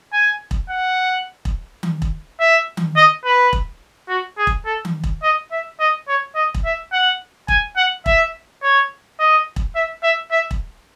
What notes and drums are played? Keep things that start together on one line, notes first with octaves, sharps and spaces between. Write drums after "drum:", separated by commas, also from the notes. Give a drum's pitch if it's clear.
G#5
drum: kick E1
F#5
drum: kick E1
drum: tom D#3
drum: kick E1
E5
drum: tom D#3
D#5
B4
drum: kick E1
F#4
G#4
drum: kick E1
A4
drum: tom D#3
drum: kick E1
D#5
E5
D#5
C#5
D#5
drum: kick E1
E5
F#5
G#5, drum: kick E1
F#5
E5, drum: kick E1
C#5
D#5
drum: kick E1
E5
E5
E5
drum: kick E1